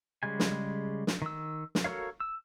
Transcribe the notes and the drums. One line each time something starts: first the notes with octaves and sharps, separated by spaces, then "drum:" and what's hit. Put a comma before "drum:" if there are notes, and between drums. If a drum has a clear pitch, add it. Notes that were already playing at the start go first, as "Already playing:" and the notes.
C#3 G3 G#3 G#5
drum: snare
drum: snare
D#3 E6
drum: snare
F#4 A4 A#4 C#5 F5
E6